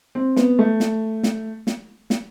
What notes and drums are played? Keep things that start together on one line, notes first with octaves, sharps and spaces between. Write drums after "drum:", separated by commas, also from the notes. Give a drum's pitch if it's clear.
C4
B3, drum: snare
A3
drum: snare
drum: snare
drum: snare
drum: snare